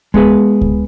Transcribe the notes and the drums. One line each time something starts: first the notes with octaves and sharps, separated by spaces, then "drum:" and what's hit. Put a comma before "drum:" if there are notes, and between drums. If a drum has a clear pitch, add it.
G#3 B3 G#4 B4, drum: kick C#2
drum: kick C#2